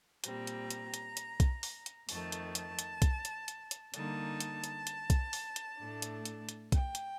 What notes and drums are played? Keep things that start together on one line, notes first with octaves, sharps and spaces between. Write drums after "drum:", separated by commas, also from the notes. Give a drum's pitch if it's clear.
A#2 G3 C4 A#5, drum: hi-hat
drum: hi-hat
drum: hi-hat
drum: hi-hat
drum: hi-hat
drum: kick B1, hi-hat
drum: open hi-hat
drum: hi-hat
F2 D#3 A3 A5, drum: open hi-hat
drum: hi-hat
A5, drum: hi-hat
drum: hi-hat
drum: kick B1, hi-hat
drum: hi-hat
drum: hi-hat
drum: hi-hat
D3 G3 A#3 D#4 A5, drum: hi-hat
drum: hi-hat
drum: hi-hat
drum: hi-hat
drum: kick B1, hi-hat
drum: open hi-hat
drum: hi-hat
A2 A3 D4
drum: hi-hat
drum: hi-hat
drum: hi-hat
G5, drum: kick B1, hi-hat
drum: hi-hat